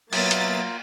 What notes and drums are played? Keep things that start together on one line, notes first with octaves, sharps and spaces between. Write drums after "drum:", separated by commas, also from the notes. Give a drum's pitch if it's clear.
B2 F#3 A#3 F4 A#4 E5 D#6 A6, drum: cymbal
drum: hi-hat